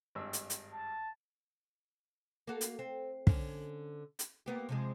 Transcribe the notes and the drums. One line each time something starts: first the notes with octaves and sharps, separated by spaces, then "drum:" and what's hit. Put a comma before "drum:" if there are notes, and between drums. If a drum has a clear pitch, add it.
G#1 G2 E6
drum: hi-hat
drum: hi-hat
A5
A#3 F#4 A4
drum: hi-hat
C4
D3 C#4, drum: kick
drum: hi-hat
A#3 B3 G4
C3 F3 G#3